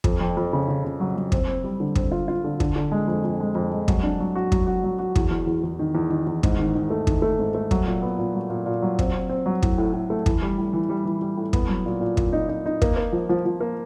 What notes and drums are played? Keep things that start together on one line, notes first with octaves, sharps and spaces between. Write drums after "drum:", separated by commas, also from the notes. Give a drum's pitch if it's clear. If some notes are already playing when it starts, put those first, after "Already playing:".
F2, drum: kick
F2
F2
C#3
C#3
C#3
F#3
F#3
C4, drum: kick
C4
G3
D3
C4, drum: kick
F4
F4
D3
D3, drum: kick
D3
G#3
F2
F2
G#3
F2
G#3
F#3, drum: kick
D4
F#3
F#4
F#3, drum: kick
F#4
F#3
F#4
E2, drum: kick
E2
E2
E2
D#3
E2
D#3
E2
G#2, drum: kick
D#3
D#3
A3
D#3, drum: kick
A3
G#2
A3
F#3, drum: kick
A#2
B3
A#2
F#3
A#2
A#2
F#3
C4, drum: kick
C4
C4
F#3
A2, drum: kick
A2
A2
A3
E3, drum: kick
G3
A2
E3
G3
E3
G3
A2
B3, drum: kick
F#3
A#2
A#2
A#2, drum: kick
D#4
D#4
D#4
A#3, drum: kick
A#3
F3
F3
F3
A#3